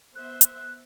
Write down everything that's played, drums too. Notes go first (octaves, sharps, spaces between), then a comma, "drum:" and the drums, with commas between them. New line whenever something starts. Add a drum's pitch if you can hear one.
B3 C5 E5 F#6
drum: hi-hat